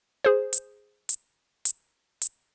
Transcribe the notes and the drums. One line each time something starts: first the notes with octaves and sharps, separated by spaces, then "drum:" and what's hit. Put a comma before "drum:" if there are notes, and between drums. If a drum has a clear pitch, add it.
G#4 C5
drum: hi-hat
drum: hi-hat
drum: hi-hat
drum: hi-hat